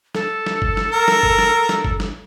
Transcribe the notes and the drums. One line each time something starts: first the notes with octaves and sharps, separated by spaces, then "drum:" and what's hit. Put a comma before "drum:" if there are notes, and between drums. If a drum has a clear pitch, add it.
A4, drum: snare
drum: snare
drum: kick G1
drum: snare
A#4
drum: snare
drum: kick G1
drum: snare
drum: snare
drum: kick G1
drum: snare